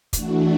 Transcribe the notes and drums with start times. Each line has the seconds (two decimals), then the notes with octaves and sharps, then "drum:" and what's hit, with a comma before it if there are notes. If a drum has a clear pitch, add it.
0.13 E3 A3 D4 F#4, drum: kick, hi-hat